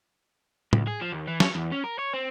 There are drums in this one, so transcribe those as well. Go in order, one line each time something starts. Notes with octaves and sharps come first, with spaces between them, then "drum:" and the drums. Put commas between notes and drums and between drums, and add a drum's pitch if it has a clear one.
C#2, drum: tom A2
G#4
F3
D#2
E3
C#5, drum: snare
E2
C#4
A#4
C#5
C4